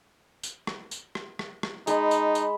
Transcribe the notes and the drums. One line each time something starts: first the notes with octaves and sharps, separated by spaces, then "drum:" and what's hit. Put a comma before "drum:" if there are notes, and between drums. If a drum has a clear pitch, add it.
drum: tambourine
drum: rim click
drum: tambourine
drum: rim click
drum: rim click
drum: rim click
G#3 D#4 B5, drum: tambourine
drum: tambourine
drum: tambourine